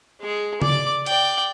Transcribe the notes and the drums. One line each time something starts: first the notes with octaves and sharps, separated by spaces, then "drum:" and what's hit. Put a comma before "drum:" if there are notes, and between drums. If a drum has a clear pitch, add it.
G#3 G#4
D5 D6, drum: tom C#3
D5 G5, drum: hi-hat